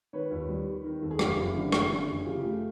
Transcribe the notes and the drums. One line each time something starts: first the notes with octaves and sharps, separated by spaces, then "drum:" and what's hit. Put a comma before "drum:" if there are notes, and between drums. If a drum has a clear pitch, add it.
D#3 B4 C#5
D#2
G3
D#3
D#3
D#2 A4
G#4
F#1 F4 G4, drum: rim click
F#1
D3
F#1, drum: rim click
D3
F#1
G#4
C#3 F4 G4
A3